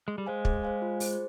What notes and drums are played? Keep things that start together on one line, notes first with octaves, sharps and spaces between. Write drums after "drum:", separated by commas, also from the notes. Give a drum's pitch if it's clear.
G#3 G#4
G3
G#3 C5 F5 G#5
G#4, drum: kick
C5 F5 G#5
F4
G#4 C5, drum: open hi-hat